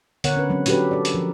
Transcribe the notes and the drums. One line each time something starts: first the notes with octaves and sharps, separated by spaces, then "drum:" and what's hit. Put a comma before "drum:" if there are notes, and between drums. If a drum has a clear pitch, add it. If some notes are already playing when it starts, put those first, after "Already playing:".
D3 B3 A#4 C#5 F#5, drum: hi-hat
C#4 B4
F#3 G#3 C4 C#4
C#4 D4 F#4 G4 A4 B4, drum: hi-hat
A4 D5
drum: hi-hat
F3 A#4